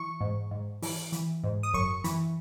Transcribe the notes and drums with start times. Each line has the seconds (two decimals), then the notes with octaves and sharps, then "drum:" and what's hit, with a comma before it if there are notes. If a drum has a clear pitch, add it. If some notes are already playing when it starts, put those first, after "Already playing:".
Already playing: E3 C#6
0.21 G#2
0.51 G#2
0.82 E3, drum: open hi-hat
1.12 E3, drum: hi-hat
1.44 G#2
1.63 D#6
1.74 F#2 C#6, drum: kick
2.04 E3, drum: hi-hat